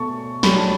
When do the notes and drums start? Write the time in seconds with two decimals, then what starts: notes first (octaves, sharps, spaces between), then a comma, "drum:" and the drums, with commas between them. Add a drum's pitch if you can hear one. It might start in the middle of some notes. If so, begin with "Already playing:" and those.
Already playing: B2 A3 A5 C#6
0.43 F#3 A3 D4 G4 B5, drum: snare
0.57 A5